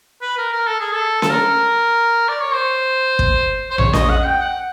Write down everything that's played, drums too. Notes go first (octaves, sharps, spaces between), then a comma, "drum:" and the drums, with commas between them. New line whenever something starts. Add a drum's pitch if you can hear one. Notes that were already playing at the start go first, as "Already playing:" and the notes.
B4
A#4
A#4
A4
G#4
A4
A4, drum: snare C#4
A#4
D5
C#5
C5
drum: kick
C5
C#5, drum: tom A#1
D#5, drum: snare C#4
F#5
G5
F#5